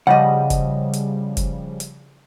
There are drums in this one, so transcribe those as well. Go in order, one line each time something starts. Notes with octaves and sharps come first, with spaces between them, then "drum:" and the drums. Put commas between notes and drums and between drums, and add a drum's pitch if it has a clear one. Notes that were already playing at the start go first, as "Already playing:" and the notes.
C#3 F3 G3 D#5 F#5
drum: kick, hi-hat
drum: hi-hat
drum: kick, hi-hat
drum: hi-hat